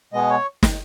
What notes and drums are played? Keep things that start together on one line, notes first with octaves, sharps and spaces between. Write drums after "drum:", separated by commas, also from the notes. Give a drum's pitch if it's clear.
B2 G#3 B3 D#5
C#5
drum: snare